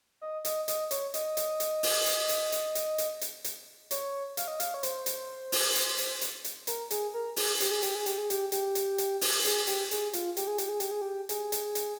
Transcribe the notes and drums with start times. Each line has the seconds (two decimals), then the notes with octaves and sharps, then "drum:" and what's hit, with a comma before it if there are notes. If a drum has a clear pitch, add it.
0.21 D#5
0.45 D#5, drum: hi-hat
0.68 D#5, drum: hi-hat
0.91 C#5, drum: hi-hat
1.14 D#5, drum: hi-hat
1.37 drum: hi-hat
1.60 drum: hi-hat
1.83 drum: open hi-hat
2.06 drum: hi-hat
2.29 drum: hi-hat
2.52 drum: hi-hat
2.75 drum: hi-hat
2.98 drum: hi-hat
3.21 drum: hi-hat
3.44 drum: hi-hat
3.91 C#5, drum: hi-hat
4.37 F5, drum: hi-hat
4.48 D#5
4.60 F5, drum: hi-hat
4.74 C#5
4.83 C5, drum: hi-hat
5.06 drum: hi-hat
5.52 drum: open hi-hat
5.75 drum: hi-hat
5.98 drum: hi-hat
6.21 drum: hi-hat
6.44 drum: hi-hat
6.67 A#4, drum: hi-hat
6.91 G#4, drum: hi-hat
7.14 A#4
7.36 G#4, drum: open hi-hat
7.60 G4, drum: hi-hat
7.71 G#4
7.83 G4, drum: hi-hat
7.95 G#4
8.06 G4, drum: hi-hat
8.18 G#4
8.30 G4, drum: hi-hat
8.52 G4, drum: hi-hat
8.75 drum: hi-hat
8.98 drum: hi-hat
9.21 drum: open hi-hat
9.45 G#4, drum: hi-hat
9.67 G4, drum: hi-hat
9.91 G#4, drum: hi-hat
10.13 F4, drum: hi-hat
10.37 G4, drum: hi-hat
10.47 G#4
10.58 G4, drum: hi-hat
10.69 G#4
10.80 G4, drum: hi-hat
10.91 G#4
11.01 G4
11.29 G#4, drum: hi-hat
11.52 drum: hi-hat
11.75 drum: hi-hat